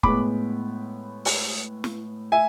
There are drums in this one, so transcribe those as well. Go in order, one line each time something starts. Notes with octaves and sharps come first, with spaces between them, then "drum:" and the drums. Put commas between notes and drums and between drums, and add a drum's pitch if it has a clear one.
A2 G#3 B3 B5 D6, drum: kick
drum: open hi-hat
drum: snare
E5 G#5